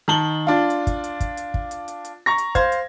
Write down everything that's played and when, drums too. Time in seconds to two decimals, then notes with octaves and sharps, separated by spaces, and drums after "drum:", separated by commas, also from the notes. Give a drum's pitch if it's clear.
0.08 D#3 A5 F#7 G7
0.47 D4 F4
0.70 drum: hi-hat
0.87 drum: kick, hi-hat
1.04 drum: hi-hat
1.20 drum: kick, hi-hat
1.37 drum: hi-hat
1.54 drum: kick
1.71 drum: hi-hat
1.88 drum: hi-hat
2.05 drum: hi-hat
2.26 A#5 C#6 A#6
2.38 drum: hi-hat
2.55 C5 F5 G#6, drum: kick, hi-hat
2.72 drum: hi-hat